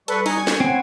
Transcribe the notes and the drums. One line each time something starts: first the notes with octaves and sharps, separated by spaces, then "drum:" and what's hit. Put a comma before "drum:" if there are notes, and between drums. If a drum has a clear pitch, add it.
G3 A4 B4 C#6, drum: hi-hat
D#4 G#5, drum: open hi-hat
G#6
drum: snare
C4 C#4 E4 F#5